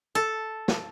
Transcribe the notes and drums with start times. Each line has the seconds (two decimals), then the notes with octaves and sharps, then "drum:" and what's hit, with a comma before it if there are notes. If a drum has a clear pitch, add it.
0.15 A4
0.68 drum: snare